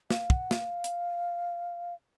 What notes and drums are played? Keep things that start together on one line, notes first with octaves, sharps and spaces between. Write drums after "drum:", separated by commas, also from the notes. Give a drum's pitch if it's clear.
F5, drum: snare
F#5, drum: kick
F5, drum: snare
drum: hi-hat